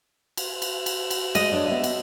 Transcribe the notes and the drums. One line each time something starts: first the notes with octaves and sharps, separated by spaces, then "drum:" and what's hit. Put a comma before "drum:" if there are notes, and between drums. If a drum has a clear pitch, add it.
drum: cymbal
drum: cymbal
drum: cymbal
drum: cymbal
G#3 D#5, drum: cymbal
D4 C#5 D5
B3 E5
drum: cymbal